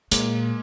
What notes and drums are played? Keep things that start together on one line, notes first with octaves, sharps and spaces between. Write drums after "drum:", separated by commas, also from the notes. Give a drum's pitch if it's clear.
A#2 G#3 A#3, drum: hi-hat